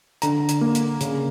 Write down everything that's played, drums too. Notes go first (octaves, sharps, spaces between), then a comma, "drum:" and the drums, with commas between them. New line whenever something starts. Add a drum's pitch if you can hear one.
D3 A#5, drum: hi-hat
drum: hi-hat
A#3
drum: hi-hat
C#3, drum: hi-hat